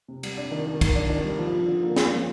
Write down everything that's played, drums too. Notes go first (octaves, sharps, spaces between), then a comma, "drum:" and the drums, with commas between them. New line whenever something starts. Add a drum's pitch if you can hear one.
C3
G3, drum: cymbal
D4
D#3
D#3
D#3, drum: kick, cymbal
D4
D#3
G3
F3
F3
D3
A#3
A#3, drum: snare
F3